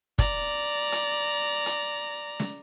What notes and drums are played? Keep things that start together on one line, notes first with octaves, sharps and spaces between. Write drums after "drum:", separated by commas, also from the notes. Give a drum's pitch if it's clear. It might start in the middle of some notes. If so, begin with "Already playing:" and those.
D5 A#5, drum: kick, hi-hat
drum: hi-hat
drum: hi-hat
drum: snare